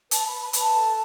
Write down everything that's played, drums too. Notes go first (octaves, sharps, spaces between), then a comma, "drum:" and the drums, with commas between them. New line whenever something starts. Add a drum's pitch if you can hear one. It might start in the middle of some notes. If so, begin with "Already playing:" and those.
B4 A5, drum: hi-hat
B5
B4
B5
B4, drum: hi-hat
A5
A4